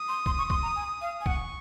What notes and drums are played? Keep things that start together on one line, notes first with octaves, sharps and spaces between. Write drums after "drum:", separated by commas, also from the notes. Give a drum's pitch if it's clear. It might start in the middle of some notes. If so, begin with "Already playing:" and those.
Already playing: D#6
C6
C6, drum: kick
C#6
C6, drum: kick
A#5
G#5
F5
G#5
F#5 C#6, drum: kick